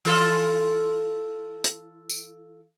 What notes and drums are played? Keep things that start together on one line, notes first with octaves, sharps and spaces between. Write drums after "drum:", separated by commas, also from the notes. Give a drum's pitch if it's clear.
E3 F4 A4, drum: open hi-hat
drum: hi-hat
drum: tambourine